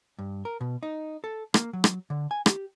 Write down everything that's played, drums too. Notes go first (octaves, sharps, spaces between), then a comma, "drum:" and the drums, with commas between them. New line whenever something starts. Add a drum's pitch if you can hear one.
G2
A#4
B2
D#4
A4
A#3, drum: rim click
F#3
drum: rim click
D3
G#5
G4, drum: rim click